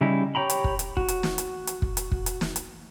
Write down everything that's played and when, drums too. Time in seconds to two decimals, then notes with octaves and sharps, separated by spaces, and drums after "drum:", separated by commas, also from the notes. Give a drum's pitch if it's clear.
0.01 C#3 G3 D#4 E4
0.35 G4 C#5 G5 A#5 B5
0.50 drum: hi-hat
0.64 drum: kick
0.79 drum: hi-hat
0.97 F#4, drum: kick
1.08 drum: hi-hat
1.23 drum: snare
1.38 drum: hi-hat
1.67 drum: hi-hat
1.82 drum: kick
1.97 drum: hi-hat
2.12 drum: kick
2.26 drum: hi-hat
2.41 drum: snare
2.56 drum: hi-hat